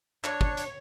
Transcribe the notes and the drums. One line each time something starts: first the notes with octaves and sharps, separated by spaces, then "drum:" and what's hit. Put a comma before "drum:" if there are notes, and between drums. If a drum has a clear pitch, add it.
D4 C#5, drum: clap
drum: kick
drum: hi-hat